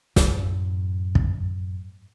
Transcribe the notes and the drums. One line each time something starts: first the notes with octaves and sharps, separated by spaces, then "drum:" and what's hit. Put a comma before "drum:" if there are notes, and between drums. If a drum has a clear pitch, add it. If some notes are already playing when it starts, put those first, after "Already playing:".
F#2 A2, drum: snare
drum: kick